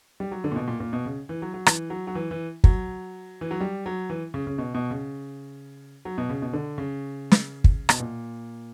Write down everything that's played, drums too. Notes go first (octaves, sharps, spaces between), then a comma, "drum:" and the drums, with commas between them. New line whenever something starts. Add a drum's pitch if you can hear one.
G3
F#3
D3
A#2
B2
A#2
A#2
B2
C#3
E3
F#3
F#3
E3, drum: rim click
F#3
F#3
E3
E3
F#3, drum: kick
E3
F#3
G3
F#3
E3
C#3
C#3
B2
B2
C#3
F#3
B2
C#3
B2
D3
C#3
drum: snare
drum: kick
B2, drum: rim click
A#2